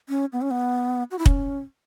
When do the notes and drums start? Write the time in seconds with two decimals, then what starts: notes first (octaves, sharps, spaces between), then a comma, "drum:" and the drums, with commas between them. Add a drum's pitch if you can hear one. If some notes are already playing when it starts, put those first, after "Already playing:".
0.09 C#4
0.33 B3
0.42 C#4
0.51 B3
1.11 F#4
1.19 E4
1.26 C#4, drum: kick